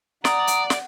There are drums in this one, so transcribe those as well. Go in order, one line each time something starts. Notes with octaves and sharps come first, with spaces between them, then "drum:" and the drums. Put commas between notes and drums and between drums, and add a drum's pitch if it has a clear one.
D5 F#5 A#5 D#6, drum: snare
drum: hi-hat
drum: snare